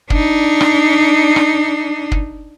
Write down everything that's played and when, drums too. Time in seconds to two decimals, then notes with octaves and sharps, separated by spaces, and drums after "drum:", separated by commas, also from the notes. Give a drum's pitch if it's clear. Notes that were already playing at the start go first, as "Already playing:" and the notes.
0.10 D4 D#4, drum: kick
0.61 drum: rim click
1.36 drum: rim click
2.12 drum: kick